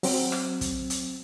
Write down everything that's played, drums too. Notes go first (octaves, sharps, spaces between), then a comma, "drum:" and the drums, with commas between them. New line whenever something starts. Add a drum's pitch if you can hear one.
F#3 C4, drum: open hi-hat
drum: rim click
drum: kick, hi-hat
drum: hi-hat